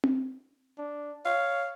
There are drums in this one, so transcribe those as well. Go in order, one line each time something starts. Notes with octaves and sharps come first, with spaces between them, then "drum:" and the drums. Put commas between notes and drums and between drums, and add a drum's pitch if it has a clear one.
drum: tom C4
D4
C#5 F5